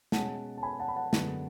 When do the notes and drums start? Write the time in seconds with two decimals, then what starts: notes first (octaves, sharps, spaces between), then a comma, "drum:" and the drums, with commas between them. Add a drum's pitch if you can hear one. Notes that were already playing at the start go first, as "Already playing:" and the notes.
0.12 B2 G#3 C#4 F#5 A5, drum: snare
0.57 A5
0.63 G#5 B5
0.80 F#5 A5
0.88 B5
0.96 F#5 A5
1.13 F#2 D3 G#3 B3, drum: snare